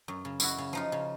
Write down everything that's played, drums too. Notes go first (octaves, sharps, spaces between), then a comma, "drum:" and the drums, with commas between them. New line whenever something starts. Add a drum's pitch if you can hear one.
F#2
C#3
F#2 E4 F#4, drum: tambourine
C#3
F3 D#4 F4
C#3